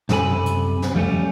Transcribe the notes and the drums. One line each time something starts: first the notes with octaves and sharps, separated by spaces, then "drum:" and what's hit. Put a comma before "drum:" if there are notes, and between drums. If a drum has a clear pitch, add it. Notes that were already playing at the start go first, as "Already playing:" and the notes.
C2 F#2 C3 A4 G#5 B5, drum: snare
drum: hi-hat
drum: snare
F2 G3 A3 C#4